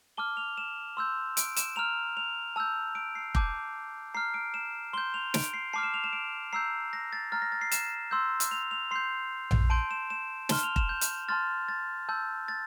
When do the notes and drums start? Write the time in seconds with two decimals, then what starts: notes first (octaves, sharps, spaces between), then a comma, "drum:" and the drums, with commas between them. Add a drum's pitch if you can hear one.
0.17 A5 D6 F6 G7
0.37 F7
0.57 E7
0.97 C6 E6 G6
1.37 D7, drum: hi-hat
1.56 E7, drum: hi-hat
1.76 A#5 F6 F7
2.17 F7
2.56 A5 E6 G6
2.95 D7
3.15 C7
3.35 A5 D6 G6, drum: kick F1
4.15 A#5 F6 C7
4.34 D7
4.54 E7
4.93 C6 G6 G7
5.14 F7
5.34 D7, drum: snare
5.54 C7
5.73 A5 D6 F6 C7
5.83 E7
5.94 F7
6.04 E7
6.13 D7
6.53 A#5 E6 G6 C7
6.93 A#6
7.13 A6
7.32 A#5 F6 A6
7.42 A#6
7.52 A6
7.61 C7
7.72 E7, drum: hi-hat
8.11 C6 E6 G6
8.40 drum: hi-hat
8.51 F7
8.71 F7
8.91 C6 G6 C7
9.51 drum: tom A#1
9.70 A5 C6 G6 D7
9.91 E7
10.10 E7
10.49 A5 C6 F6 G7, drum: snare
10.63 F7
10.76 E7, drum: kick F1
10.89 G6
11.01 drum: hi-hat
11.28 A5 C6 F6 A6
11.68 A6
12.09 A5 E6 G6
12.48 A6